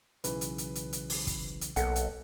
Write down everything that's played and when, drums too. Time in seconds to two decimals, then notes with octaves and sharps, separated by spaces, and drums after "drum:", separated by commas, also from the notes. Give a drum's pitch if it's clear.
0.24 B1 C#3 E3 B4, drum: hi-hat
0.41 drum: hi-hat
0.58 drum: hi-hat
0.75 drum: hi-hat
0.93 drum: hi-hat
1.10 drum: open hi-hat
1.27 drum: kick, hi-hat
1.61 drum: hi-hat
1.76 B1 A#3 A4 F#5, drum: hi-hat
1.96 drum: hi-hat